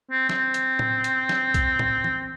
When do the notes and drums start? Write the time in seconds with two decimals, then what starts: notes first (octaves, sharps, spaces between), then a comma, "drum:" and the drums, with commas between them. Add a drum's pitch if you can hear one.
0.11 C4
0.29 C4, drum: snare
0.54 drum: hi-hat
0.79 drum: tom A2
1.04 drum: hi-hat
1.29 drum: snare
1.54 drum: kick B1, hi-hat
1.79 drum: tom A2
2.04 drum: tom E3